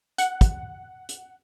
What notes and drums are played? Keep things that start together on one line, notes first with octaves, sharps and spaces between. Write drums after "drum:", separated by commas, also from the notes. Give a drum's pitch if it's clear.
F#5, drum: hi-hat
drum: kick, hi-hat
drum: hi-hat